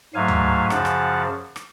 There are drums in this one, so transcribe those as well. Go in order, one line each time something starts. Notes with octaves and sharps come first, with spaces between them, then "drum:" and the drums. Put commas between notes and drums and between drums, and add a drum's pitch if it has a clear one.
G#2 F#3 A3 F5 G#5
drum: tom D2
F#2 C#3 F3 F#5 A5, drum: rim click
drum: rim click
drum: rim click